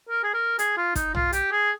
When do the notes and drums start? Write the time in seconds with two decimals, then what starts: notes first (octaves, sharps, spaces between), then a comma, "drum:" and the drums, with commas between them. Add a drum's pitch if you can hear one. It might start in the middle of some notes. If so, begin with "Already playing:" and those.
0.09 A#4
0.23 G#4
0.34 A#4
0.59 G#4, drum: hi-hat
0.77 F4
0.95 D#4, drum: kick, hi-hat
1.15 F4, drum: tom
1.33 G4, drum: hi-hat
1.52 G#4